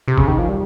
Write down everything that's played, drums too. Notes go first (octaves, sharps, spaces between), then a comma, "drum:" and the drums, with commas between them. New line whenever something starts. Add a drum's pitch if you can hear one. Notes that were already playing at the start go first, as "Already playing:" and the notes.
C3
C#3, drum: kick
D#3
F3
G3